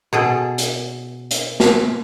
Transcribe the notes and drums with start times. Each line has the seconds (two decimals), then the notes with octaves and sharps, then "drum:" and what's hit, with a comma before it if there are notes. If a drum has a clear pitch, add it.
0.13 B2 G#4 A4
0.58 drum: hi-hat
1.31 drum: hi-hat
1.60 drum: snare